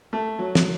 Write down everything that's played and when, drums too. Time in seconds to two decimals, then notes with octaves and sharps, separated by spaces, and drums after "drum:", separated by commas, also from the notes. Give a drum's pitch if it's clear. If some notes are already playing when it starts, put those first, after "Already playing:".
0.13 A3
0.39 F#3
0.55 drum: snare